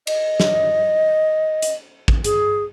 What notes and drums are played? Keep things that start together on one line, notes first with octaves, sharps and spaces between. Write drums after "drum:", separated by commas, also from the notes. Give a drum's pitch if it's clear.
D#5, drum: cymbal
drum: snare
drum: hi-hat
drum: kick
G#4, drum: hi-hat